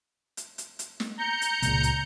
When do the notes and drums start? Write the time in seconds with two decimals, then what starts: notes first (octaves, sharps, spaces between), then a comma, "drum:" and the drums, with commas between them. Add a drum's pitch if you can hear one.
0.37 drum: hi-hat
0.58 drum: hi-hat
0.79 drum: hi-hat
1.00 drum: snare
1.17 A#5 G6 C#7
1.42 drum: hi-hat
1.62 C#2 A#2, drum: kick, hi-hat
1.83 drum: hi-hat